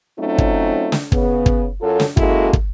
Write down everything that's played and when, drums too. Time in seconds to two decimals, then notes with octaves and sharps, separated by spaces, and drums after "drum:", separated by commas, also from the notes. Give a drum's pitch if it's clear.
0.19 F#3 A3 C4 C#4 D#4 F4
0.38 drum: kick
0.92 drum: snare
1.12 C#3 B3, drum: kick
1.46 drum: kick
1.82 F#2 F#3 F4 A4
2.00 drum: snare
2.17 G#3 A#3 C#4 E4 F#4 A4, drum: kick
2.53 drum: kick